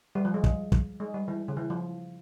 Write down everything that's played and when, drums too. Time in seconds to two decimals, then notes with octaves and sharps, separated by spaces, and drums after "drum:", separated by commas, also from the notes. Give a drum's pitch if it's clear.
0.15 G3
0.25 F3
0.34 G#3
0.44 drum: kick
0.72 drum: kick
1.00 G#3
1.14 G3
1.28 E3
1.48 C#3
1.57 E3
1.70 F3